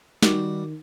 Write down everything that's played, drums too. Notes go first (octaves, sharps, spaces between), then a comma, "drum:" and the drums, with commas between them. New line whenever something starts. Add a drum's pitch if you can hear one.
D#3 G3 F#4 D5, drum: snare